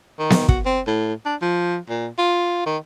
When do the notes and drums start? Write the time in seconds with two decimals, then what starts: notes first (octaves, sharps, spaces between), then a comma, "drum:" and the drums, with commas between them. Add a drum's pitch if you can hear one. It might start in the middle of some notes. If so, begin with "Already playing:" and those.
0.19 D#3
0.30 drum: snare B3
0.49 F#4, drum: kick
0.66 C4
0.87 A2
1.26 D4
1.42 F3
1.89 A#2
2.18 F4
2.66 D#3